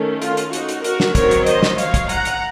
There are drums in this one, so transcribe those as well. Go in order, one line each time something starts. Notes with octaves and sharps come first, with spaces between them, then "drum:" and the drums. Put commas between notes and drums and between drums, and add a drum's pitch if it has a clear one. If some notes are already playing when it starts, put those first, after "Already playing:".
Already playing: D#3 A3 C#4
F4, drum: hi-hat
drum: hi-hat
D#4 F#4, drum: hi-hat
drum: hi-hat
F#4 A#4, drum: hi-hat
drum: snare
D#3 F#3 C4 A#4 C#5, drum: kick, hi-hat
drum: hi-hat
C5 D#5, drum: hi-hat
drum: snare
C#5 F5, drum: hi-hat
drum: kick, hi-hat
F#5 A#5, drum: hi-hat
drum: hi-hat